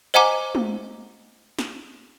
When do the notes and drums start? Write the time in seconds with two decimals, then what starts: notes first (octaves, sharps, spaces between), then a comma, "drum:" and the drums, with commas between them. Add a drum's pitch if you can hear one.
0.14 C5 D#5 F#5 G#5 A#5 D6
0.55 drum: tom G#3
1.59 drum: snare